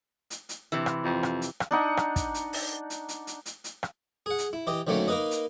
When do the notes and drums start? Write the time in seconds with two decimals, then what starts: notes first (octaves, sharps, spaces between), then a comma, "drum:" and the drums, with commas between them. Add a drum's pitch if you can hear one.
0.30 drum: hi-hat
0.49 drum: hi-hat
0.72 C3 E3
0.86 drum: rim click
1.05 F2
1.23 drum: rim click
1.42 drum: hi-hat
1.60 drum: rim click
1.71 D4 D#4 F#5
1.97 drum: rim click
2.16 drum: kick, hi-hat
2.34 drum: hi-hat
2.53 drum: open hi-hat
2.90 drum: hi-hat
3.09 drum: hi-hat
3.27 drum: hi-hat
3.46 drum: hi-hat
3.64 drum: hi-hat
3.83 drum: rim click
4.26 G#4 F#5
4.38 drum: hi-hat
4.53 E4
4.67 E3 G4 D#5
4.87 D2 D#3 F#3 A3 A#3 C#4
5.08 A#3 D#4 A#4 B4 D#5
5.31 drum: hi-hat